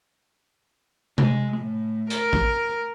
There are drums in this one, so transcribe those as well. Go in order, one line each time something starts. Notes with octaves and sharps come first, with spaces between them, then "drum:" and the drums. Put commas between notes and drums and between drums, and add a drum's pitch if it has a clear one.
G#3, drum: tom C3
A2
A#4, drum: hi-hat
drum: kick